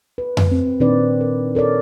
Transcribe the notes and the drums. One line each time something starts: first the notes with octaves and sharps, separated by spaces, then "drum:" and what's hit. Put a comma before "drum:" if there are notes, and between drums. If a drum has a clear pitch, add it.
B4
drum: tom F2
C4
A#2 D#3 C4 D4 B4 D5
A#4
A4 A#4 C#5 D5